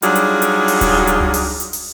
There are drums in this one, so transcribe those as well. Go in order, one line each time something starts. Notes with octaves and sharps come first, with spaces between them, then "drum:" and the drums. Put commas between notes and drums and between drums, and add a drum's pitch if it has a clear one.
F#3 G3 D4 D#4 F4 G#4, drum: hi-hat
drum: hi-hat
drum: hi-hat
drum: open hi-hat
drum: kick D#1, hi-hat
drum: hi-hat
drum: tom C#2
drum: open hi-hat
drum: hi-hat
drum: open hi-hat